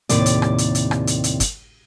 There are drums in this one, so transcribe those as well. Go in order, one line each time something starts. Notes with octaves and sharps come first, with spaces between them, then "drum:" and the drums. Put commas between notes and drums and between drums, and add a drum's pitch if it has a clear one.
D#2 A2 C3 D5, drum: hi-hat
drum: hi-hat
drum: rim click
drum: hi-hat
drum: hi-hat
drum: rim click
drum: hi-hat
drum: hi-hat
drum: kick, hi-hat